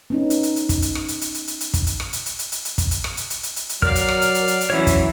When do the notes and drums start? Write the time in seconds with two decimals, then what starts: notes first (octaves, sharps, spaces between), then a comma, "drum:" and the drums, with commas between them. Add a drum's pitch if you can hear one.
0.10 B3 C#4 D#4
0.30 drum: hi-hat
0.43 drum: hi-hat
0.56 drum: hi-hat
0.69 drum: kick, hi-hat
0.82 drum: hi-hat
0.95 drum: rim click
1.08 drum: hi-hat
1.21 drum: hi-hat
1.34 drum: hi-hat
1.48 drum: hi-hat
1.61 drum: hi-hat
1.74 drum: kick, hi-hat
1.87 drum: hi-hat
2.00 drum: rim click
2.13 drum: hi-hat
2.26 drum: hi-hat
2.39 drum: hi-hat
2.52 drum: hi-hat
2.65 drum: hi-hat
2.78 drum: kick, hi-hat
2.91 drum: hi-hat
3.04 drum: rim click
3.17 drum: hi-hat
3.30 drum: hi-hat
3.43 drum: hi-hat
3.56 drum: hi-hat
3.69 drum: hi-hat
3.82 F#3 A#4 D5 F5 F6, drum: kick
3.95 drum: hi-hat
4.08 drum: rim click
4.22 drum: hi-hat
4.35 drum: hi-hat
4.48 drum: hi-hat
4.61 drum: hi-hat
4.70 E3 F#3 C#4 C#5
4.87 drum: kick, hi-hat